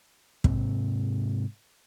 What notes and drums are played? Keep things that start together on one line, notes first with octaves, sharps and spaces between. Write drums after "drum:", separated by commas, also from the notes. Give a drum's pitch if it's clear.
G#2 C3 C4, drum: kick